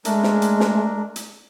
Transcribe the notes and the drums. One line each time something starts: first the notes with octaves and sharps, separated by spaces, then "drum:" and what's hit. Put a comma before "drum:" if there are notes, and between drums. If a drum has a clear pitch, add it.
G#3 A3 D4 A#4, drum: hi-hat
drum: snare
drum: hi-hat
drum: snare
drum: hi-hat